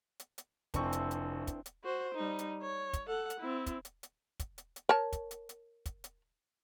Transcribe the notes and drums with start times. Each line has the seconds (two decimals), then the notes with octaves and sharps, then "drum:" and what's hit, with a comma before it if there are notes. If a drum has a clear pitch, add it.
0.20 drum: hi-hat
0.38 drum: hi-hat
0.74 F1 E3 C4 D4 C#6, drum: kick, hi-hat
0.93 drum: hi-hat
1.11 drum: hi-hat
1.47 drum: kick, hi-hat
1.66 drum: hi-hat
1.84 F#4 C5
2.15 G3 D#4
2.39 drum: hi-hat
2.62 C#5
2.93 drum: kick, hi-hat
3.07 A4 F#5
3.30 drum: hi-hat
3.40 C4 E4
3.66 drum: kick, hi-hat
3.85 drum: hi-hat
4.03 drum: hi-hat
4.39 drum: kick, hi-hat
4.58 drum: hi-hat
4.76 drum: hi-hat
4.89 A#4 C#5 A5
5.13 drum: kick, hi-hat
5.31 drum: hi-hat
5.49 drum: hi-hat
5.86 drum: kick, hi-hat
6.04 drum: hi-hat